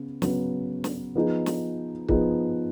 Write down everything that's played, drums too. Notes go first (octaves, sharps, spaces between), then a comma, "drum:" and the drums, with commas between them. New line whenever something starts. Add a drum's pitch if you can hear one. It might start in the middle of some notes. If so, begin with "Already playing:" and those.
Already playing: C#3 B3
C#3 F#3 B3, drum: snare
drum: snare
F3 B3 D#4 G#4
drum: snare
F3 B3 D#4 G#4, drum: kick